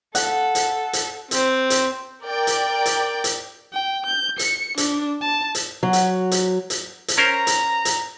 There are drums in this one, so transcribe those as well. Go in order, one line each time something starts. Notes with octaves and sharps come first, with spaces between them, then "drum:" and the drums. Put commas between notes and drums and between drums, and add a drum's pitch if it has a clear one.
A4 F#5, drum: hi-hat
drum: hi-hat
drum: hi-hat
C4, drum: hi-hat
drum: hi-hat
A#4 D5 G5
drum: hi-hat
drum: hi-hat
drum: hi-hat
G5
G6
C#7, drum: hi-hat
D4, drum: hi-hat
A5
drum: hi-hat
F#3
drum: hi-hat
drum: hi-hat
drum: hi-hat
drum: hi-hat
C#4 A#4 C5 A#5
drum: hi-hat
drum: hi-hat